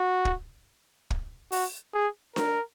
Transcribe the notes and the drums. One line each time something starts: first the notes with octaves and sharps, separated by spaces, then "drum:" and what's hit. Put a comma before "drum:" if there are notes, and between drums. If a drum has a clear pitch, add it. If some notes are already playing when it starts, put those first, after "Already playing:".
Already playing: F#4
drum: kick
drum: kick
F#4, drum: open hi-hat
G#4
A#4, drum: snare D4